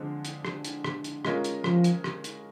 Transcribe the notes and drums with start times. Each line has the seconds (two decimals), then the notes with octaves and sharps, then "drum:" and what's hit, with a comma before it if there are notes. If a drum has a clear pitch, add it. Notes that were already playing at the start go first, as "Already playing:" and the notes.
Already playing: D3 F3 G#3 C4
0.25 drum: hi-hat
0.45 drum: rim click
0.65 drum: hi-hat
0.84 drum: rim click
1.04 drum: hi-hat
1.25 G#3 C#4 F4 A#4, drum: rim click
1.44 drum: hi-hat
1.64 F3, drum: rim click
1.84 drum: hi-hat
2.04 drum: rim click
2.24 drum: hi-hat